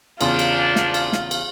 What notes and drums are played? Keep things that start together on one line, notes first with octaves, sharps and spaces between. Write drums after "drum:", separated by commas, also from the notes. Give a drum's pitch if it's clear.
E2 A#2 C#3 F3 D4 F4 C6, drum: cymbal
drum: cymbal
drum: snare
drum: cymbal
drum: snare
drum: cymbal